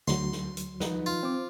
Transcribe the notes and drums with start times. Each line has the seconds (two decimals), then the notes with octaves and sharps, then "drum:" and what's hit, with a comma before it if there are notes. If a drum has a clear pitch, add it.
0.07 D2 F#3 C6, drum: snare
0.32 drum: snare
0.57 drum: hi-hat
0.80 F3 D#4 B4, drum: snare
1.06 F4
1.23 C4 C5 D6